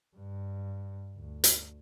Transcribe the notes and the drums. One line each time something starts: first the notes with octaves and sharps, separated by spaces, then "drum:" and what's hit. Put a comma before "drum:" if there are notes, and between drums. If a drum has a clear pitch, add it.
G2
D2
drum: hi-hat